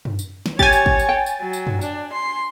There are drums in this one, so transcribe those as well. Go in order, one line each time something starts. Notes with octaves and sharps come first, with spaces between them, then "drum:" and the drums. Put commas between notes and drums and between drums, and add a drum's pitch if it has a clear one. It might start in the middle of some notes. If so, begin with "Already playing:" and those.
drum: tom F#2
drum: tambourine
drum: snare
G4 C#5 G#5 A6, drum: kick
drum: tambourine
drum: kick
drum: tambourine
G5
drum: tambourine
F#3
drum: tambourine
drum: tom F#2
D4, drum: tambourine
C6